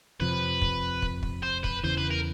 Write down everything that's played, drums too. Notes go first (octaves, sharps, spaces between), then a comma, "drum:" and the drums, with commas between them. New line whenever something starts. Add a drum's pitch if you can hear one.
F2 C3 F3 B4
drum: kick
drum: kick
drum: kick
C5
B4, drum: kick
E2 C#3 E3 C5
B4
A#4